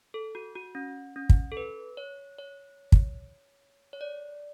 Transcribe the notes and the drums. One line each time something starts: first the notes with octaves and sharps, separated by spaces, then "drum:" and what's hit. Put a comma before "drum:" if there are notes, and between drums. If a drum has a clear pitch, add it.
A4
F#4
F#4
C#4
C#4
drum: kick
A4
B4
C#5
C#5
drum: kick
C#5
D5